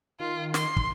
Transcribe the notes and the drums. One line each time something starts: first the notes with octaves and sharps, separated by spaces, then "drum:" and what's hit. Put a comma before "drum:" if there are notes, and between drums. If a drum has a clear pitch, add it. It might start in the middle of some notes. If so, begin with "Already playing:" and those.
D#3 F4
C6, drum: snare
drum: kick